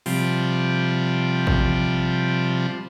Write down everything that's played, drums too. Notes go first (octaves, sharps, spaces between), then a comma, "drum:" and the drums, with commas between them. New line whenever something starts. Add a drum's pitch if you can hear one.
C3 F3 G3, drum: open hi-hat
drum: kick A1